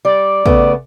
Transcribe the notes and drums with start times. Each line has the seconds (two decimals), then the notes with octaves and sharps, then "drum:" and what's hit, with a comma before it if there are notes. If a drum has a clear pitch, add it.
0.05 G3 D5
0.46 C#3 A3 B3, drum: kick